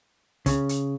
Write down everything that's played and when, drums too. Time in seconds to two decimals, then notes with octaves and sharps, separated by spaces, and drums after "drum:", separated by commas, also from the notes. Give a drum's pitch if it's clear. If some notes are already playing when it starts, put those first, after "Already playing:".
0.46 C#3, drum: kick, hi-hat
0.69 drum: hi-hat